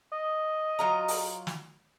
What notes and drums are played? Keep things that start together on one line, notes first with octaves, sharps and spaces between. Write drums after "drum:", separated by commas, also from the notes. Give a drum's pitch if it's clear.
D#5
F#3 F4 A#5
drum: open hi-hat
drum: snare